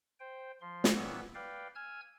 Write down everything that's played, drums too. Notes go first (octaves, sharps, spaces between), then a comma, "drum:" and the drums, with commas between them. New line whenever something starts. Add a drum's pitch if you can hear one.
C5 G5
F3 C6
drum: snare
A#2 E3 G3 B3 C#5 E6
B4 D5 F5 G5
G#5 E6 F6 G#6